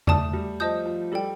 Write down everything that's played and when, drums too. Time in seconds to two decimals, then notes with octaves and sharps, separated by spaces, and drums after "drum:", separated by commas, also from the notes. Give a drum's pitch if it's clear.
0.07 A3 D5 A5 D#6, drum: tom E2
0.33 G3
0.60 F3 C5 D#5 A5 D#6 G6
0.86 F3
1.12 G3 A4 D5 G5